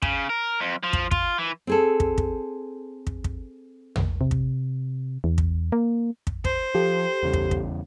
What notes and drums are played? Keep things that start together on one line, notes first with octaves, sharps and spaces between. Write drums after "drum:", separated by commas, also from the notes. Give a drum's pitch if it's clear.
C#3, drum: kick
A#4
F2
F3
drum: kick
F4, drum: kick
E3
C4 G#4 A4
drum: kick
drum: kick
drum: kick
drum: kick
drum: tom
C3
drum: kick
E2
drum: kick
A#3
drum: kick
C5, drum: kick
F3 G4 A4
E2 C#3 G3
drum: kick
drum: kick